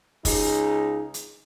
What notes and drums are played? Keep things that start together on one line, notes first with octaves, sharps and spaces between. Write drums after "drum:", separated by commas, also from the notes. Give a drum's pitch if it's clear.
C#2 D#4 G#4, drum: kick, open hi-hat
drum: hi-hat